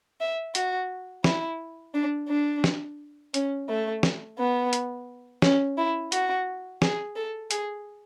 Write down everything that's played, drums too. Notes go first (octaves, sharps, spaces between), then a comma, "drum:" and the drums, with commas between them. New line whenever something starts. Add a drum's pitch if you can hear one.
E5
F#4, drum: hi-hat
E4, drum: snare
D4
D4
drum: snare
C#4, drum: hi-hat
A3
drum: snare
B3
drum: hi-hat
C#4, drum: snare
E4
F#4, drum: hi-hat
G#4, drum: snare
A4
G#4, drum: hi-hat